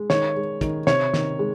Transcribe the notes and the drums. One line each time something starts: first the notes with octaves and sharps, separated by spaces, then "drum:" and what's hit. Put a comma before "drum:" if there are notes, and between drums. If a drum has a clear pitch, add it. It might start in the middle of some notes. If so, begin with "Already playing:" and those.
Already playing: G#3
D#3 C#5, drum: snare
G#3
D#3, drum: kick, hi-hat
C3 C#5, drum: snare
D#3, drum: snare
G#3